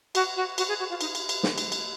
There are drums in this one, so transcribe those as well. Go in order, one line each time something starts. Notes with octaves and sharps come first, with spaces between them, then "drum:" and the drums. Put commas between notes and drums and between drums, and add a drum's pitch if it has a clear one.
F#4, drum: cymbal
F#4
F#4, drum: cymbal
G#4
F#4
F4
D#4, drum: cymbal
drum: cymbal
drum: cymbal
drum: snare
drum: cymbal
drum: cymbal